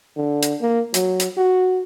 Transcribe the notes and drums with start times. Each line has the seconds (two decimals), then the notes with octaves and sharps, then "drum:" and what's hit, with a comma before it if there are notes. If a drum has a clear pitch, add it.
0.16 D3
0.42 drum: hi-hat
0.61 A#3
0.94 F#3, drum: hi-hat
1.20 drum: hi-hat
1.37 F#4